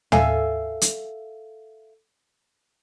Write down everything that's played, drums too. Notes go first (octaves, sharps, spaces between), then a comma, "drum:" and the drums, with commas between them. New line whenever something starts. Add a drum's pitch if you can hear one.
A4 E5 F5 G#5, drum: tom
drum: hi-hat